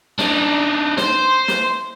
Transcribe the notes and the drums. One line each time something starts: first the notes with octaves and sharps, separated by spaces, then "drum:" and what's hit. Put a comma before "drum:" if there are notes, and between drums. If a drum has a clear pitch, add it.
D4 D#4, drum: snare
C5 C6, drum: snare
drum: snare